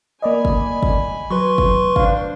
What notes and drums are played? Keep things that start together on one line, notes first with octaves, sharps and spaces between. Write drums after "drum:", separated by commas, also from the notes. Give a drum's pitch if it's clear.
A#3 D5 D#5 G#5 B5
drum: kick
drum: kick
F#3 B4 C6 C#6
drum: kick
D4 C5 F5, drum: kick